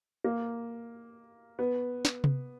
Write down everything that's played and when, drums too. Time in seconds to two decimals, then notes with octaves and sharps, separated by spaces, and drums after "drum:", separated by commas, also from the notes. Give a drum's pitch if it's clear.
0.24 A#3
1.59 B3
2.05 drum: snare
2.24 drum: tom C3